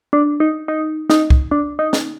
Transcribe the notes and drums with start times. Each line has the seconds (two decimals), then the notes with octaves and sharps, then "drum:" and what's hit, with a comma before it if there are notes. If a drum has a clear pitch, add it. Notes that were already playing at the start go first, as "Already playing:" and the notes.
0.13 D4
0.40 D#4
0.68 D#4
1.10 D#4, drum: snare
1.30 drum: kick C2
1.51 D4
1.79 D#4
1.93 drum: snare